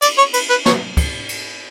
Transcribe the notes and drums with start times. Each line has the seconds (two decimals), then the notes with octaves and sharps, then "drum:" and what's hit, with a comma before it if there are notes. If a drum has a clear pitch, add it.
0.02 D5, drum: cymbal
0.18 C#5
0.34 B4, drum: cymbal
0.50 B4
0.66 C#5, drum: snare
0.97 drum: kick, cymbal
1.29 drum: cymbal